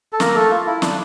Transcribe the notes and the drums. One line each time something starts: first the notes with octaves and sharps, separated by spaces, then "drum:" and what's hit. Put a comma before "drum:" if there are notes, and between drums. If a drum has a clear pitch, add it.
A4
A#3 A#4, drum: snare
A3 A4
F4
E4
D4, drum: snare